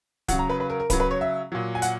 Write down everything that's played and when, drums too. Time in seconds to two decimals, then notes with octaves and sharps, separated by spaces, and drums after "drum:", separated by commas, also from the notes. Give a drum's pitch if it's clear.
0.28 C#3 F#3 F#5, drum: kick D1, hi-hat
0.39 A#5
0.49 B4
0.60 B4
0.70 A#4
0.80 A#4
0.90 C#3 F#3 B4, drum: kick D1, hi-hat
1.00 B4
1.11 C#5
1.21 E5
1.52 A#2 F#3
1.75 G#5
1.82 F#5, drum: hi-hat